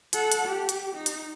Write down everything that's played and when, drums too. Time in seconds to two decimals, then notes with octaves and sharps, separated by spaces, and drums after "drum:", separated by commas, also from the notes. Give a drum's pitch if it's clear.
0.13 A4 F#5, drum: hi-hat
0.32 drum: hi-hat
0.45 G4
0.69 drum: hi-hat
0.95 D#4
1.06 drum: hi-hat